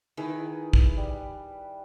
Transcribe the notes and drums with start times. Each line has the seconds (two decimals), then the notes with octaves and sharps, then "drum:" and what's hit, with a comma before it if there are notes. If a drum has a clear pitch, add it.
0.17 D#3 E4 G#4 B4
0.73 drum: kick
0.97 G3